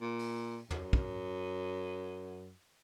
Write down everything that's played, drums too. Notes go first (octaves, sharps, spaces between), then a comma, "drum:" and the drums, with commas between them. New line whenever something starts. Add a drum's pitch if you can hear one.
A#2
drum: open hi-hat
F#2, drum: tom
drum: kick